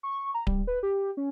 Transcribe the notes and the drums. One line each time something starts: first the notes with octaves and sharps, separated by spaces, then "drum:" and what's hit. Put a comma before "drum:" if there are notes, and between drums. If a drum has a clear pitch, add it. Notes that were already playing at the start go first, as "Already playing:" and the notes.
C#6
A#5
G3, drum: kick D1
B4
G4
C#4